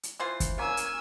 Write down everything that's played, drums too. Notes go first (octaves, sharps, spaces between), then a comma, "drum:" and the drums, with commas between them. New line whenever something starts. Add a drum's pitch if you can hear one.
drum: hi-hat
E3 F4 C5
drum: kick, hi-hat
A#3 C#4 G#5 E6
drum: hi-hat